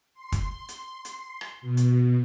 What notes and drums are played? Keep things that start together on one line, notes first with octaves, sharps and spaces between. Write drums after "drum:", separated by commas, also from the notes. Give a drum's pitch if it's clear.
C6
drum: kick, hi-hat
drum: hi-hat
drum: hi-hat
drum: rim click
B2
drum: hi-hat